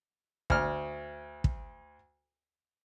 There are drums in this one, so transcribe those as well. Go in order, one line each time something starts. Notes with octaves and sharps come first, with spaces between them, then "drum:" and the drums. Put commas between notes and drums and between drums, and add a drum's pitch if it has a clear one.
D2 F6, drum: kick
drum: kick